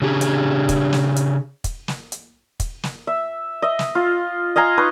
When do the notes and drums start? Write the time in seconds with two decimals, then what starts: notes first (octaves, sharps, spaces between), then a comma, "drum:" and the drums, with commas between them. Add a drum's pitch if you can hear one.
0.02 C#3 D4 G4 G#4
0.21 drum: hi-hat
0.69 drum: kick, hi-hat
0.93 drum: snare
1.16 drum: hi-hat
1.64 drum: kick, hi-hat
1.88 drum: snare
2.12 drum: hi-hat
2.60 drum: kick, hi-hat
2.83 drum: snare
3.07 E5
3.62 D#5 E5
3.79 drum: snare
3.95 F4
4.56 D#5 F5 G#5 A#5
4.77 D#4 B4 C6 C#6